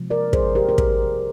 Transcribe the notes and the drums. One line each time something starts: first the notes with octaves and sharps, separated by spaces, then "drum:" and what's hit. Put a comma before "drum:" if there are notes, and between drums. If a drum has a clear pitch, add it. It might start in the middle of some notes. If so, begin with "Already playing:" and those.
Already playing: C3 F3 G#3
A#4 D5
G#4 C5, drum: kick
G4 A#4
A#4
drum: kick